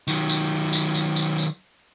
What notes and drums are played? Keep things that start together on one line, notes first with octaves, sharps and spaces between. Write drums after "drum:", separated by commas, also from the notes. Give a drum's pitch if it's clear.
D#3 F#3, drum: tambourine
drum: tambourine
drum: tambourine
drum: tambourine
drum: tambourine
drum: tambourine